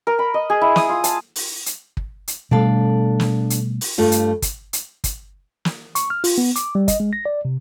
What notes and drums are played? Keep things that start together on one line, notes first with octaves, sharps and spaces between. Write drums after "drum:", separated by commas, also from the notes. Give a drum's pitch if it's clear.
A#4
B5
D#5
G#4
E4
D#6, drum: snare
F4
A5, drum: hi-hat
drum: open hi-hat
drum: hi-hat
drum: kick
drum: hi-hat
B2 G3 A3 D4 A4 F5
drum: snare
drum: hi-hat
drum: open hi-hat
G2 A3 F4
drum: hi-hat
drum: kick, hi-hat
drum: hi-hat
drum: kick, hi-hat
drum: snare
C#6, drum: hi-hat
F6
F4, drum: open hi-hat
B3
D6, drum: hi-hat
G3
D#5, drum: kick, hi-hat
G#3
A#6
D5
C3